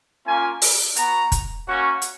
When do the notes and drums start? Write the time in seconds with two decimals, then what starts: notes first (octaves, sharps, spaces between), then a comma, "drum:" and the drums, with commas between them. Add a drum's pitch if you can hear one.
0.26 A#3 C#4 F4 G#5
0.62 drum: open hi-hat
0.96 B3 F#4 A#5, drum: hi-hat
1.32 drum: kick, hi-hat
1.67 A#3 C#4 F#4
2.02 drum: hi-hat